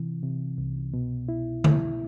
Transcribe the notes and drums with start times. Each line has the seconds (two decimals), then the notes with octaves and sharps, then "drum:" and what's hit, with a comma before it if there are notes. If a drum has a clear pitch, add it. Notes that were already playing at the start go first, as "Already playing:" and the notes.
Already playing: C3 E3
0.23 C3
0.58 C2
0.94 B2
1.28 E4
1.64 E4, drum: tom D3